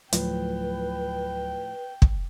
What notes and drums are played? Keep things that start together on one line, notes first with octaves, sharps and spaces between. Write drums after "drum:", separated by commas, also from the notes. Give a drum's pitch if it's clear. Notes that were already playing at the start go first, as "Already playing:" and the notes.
D2 A2 F3 F#3 B4 G5, drum: hi-hat
drum: kick